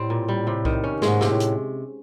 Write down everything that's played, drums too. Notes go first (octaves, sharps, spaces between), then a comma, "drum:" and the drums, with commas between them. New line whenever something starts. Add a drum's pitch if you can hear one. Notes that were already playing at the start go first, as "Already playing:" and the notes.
Already playing: A2 G3 C4
A#2
G3
C3
D#3, drum: kick B1
C#4
G#2 G#3, drum: snare
C3, drum: snare
A2
drum: hi-hat